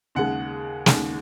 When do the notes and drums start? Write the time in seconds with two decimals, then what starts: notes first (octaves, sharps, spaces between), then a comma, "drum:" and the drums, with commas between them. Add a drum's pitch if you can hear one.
0.15 D#2 C#3 G#3 F#5
0.86 D#2 C#3 G#3, drum: snare